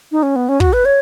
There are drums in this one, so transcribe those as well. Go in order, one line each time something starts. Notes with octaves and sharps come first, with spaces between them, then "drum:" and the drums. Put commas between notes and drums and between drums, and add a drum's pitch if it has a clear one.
D#4
C#4
B3
C#4
F#4, drum: kick
B4
C#5